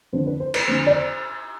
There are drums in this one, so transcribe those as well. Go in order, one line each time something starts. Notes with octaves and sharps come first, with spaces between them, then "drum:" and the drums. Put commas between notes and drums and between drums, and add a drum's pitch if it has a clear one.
F2 D3 F3 B3 D4 C5
B4
C5
B4, drum: cymbal
F2 D3 F3 B3 D4 C5
D5
C5